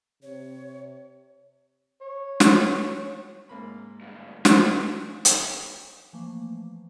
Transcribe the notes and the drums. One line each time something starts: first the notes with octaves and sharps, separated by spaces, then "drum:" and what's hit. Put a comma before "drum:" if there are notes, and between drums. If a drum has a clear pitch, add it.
C3 C#5
C#5
drum: snare
G#2 A#3 B5
D2 G2
F#2 A#2 B3 D4 E4, drum: snare
drum: hi-hat
E3 F3 A3 A#3